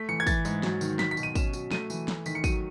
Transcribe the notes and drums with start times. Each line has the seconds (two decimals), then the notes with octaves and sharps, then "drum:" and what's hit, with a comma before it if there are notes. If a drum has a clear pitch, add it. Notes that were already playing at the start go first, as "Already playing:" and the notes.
Already playing: A3 B6
0.09 E3 C#7
0.20 G#6
0.27 E3 A6, drum: kick, tambourine
0.45 G#2, drum: tambourine
0.63 F#3, drum: snare
0.81 D#3, drum: tambourine
0.99 F#3 B6, drum: snare
1.11 B6
1.17 B2, drum: tambourine
1.23 D#7
1.35 C#4 E7, drum: kick, tambourine
1.53 F#3, drum: tambourine
1.71 A3 D#7, drum: snare
1.90 E3, drum: tambourine
2.08 A3, drum: snare
2.26 D#3 B6, drum: tambourine
2.35 C#7
2.44 F#3 D#7, drum: kick, tambourine